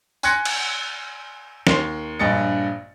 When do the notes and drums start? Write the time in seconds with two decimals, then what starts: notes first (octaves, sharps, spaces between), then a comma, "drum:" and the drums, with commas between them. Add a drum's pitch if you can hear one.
0.23 G#5 C6 F#6 G#6 A#6 C#7, drum: tambourine
0.45 drum: cymbal
1.67 D#2 C6 C7, drum: snare
2.19 A#1 G2 D#5 A6 C#7